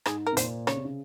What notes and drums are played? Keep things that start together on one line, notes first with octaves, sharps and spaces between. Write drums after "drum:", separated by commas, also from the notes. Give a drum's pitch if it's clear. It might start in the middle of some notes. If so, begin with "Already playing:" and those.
G#2 G#4, drum: rim click
A#4
C3
A#2 C5, drum: hi-hat
C#3 C#5, drum: rim click
C3
C#3